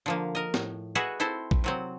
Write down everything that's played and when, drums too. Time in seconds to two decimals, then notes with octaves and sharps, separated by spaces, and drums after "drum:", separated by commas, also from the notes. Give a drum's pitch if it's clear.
0.06 D3 F3 A#3
0.35 A#4 D#5
0.54 A2, drum: snare
0.95 F#4 G#4 B4 D#5 E5 F#5
1.20 C4 E4 A4 C5
1.51 drum: kick A#1
1.64 C3 F#3 C4